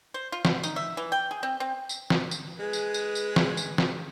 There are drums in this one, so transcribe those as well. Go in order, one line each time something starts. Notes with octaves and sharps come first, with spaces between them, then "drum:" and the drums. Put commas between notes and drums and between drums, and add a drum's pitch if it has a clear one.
C5
F4
B3, drum: snare
D#4, drum: tambourine
E5
E3
G5
G#4
C4
C4
drum: tambourine
drum: snare
drum: tambourine
G#3 G#4 B4
drum: tambourine
drum: tambourine
drum: tambourine
drum: snare
drum: tambourine
drum: snare